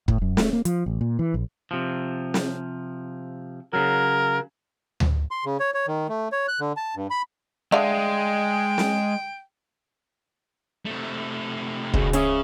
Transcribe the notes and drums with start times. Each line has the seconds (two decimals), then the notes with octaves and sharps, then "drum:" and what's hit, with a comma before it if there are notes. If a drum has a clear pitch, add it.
0.08 A2, drum: kick
0.22 F#2
0.37 A3, drum: snare
0.53 A#3
0.65 F3, drum: hi-hat
0.86 A1
1.01 A#2
1.19 E3
1.34 A#1
1.71 C3 F3
2.34 drum: snare
3.73 C#3 F#3 A#4
5.00 drum: tom D2
5.31 C6
5.45 C#3
5.60 C#5
5.74 C#5
5.88 D#3
6.09 A3
6.32 C#5
6.48 F#6
6.60 D3
6.77 A5
6.96 G2
7.10 B5
7.72 D3 G#3 E5 F5 G5
8.78 drum: snare
10.86 C3 A3
11.94 C#2 B2 A3, drum: kick
12.13 C#3 C#4 E5 D#6, drum: hi-hat